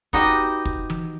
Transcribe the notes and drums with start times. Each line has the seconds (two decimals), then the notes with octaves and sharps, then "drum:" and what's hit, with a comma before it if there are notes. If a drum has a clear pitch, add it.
0.13 B3 D#4 F#4 G4 D#5, drum: kick
0.65 drum: kick
0.90 drum: tom E3